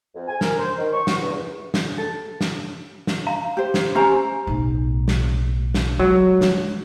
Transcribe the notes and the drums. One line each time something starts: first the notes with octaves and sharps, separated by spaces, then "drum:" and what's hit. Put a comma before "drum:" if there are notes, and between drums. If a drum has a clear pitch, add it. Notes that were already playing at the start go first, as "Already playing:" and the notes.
F2
G#5
A#4, drum: snare
C5
D#3
C#6
F#4, drum: snare
E2
drum: snare
A4
drum: snare
drum: snare
F5 A#5
G4 C5
drum: snare
C#4 G4 C5 G#5 A#5
B1 A2
drum: snare
drum: snare
F#3 G#3
drum: snare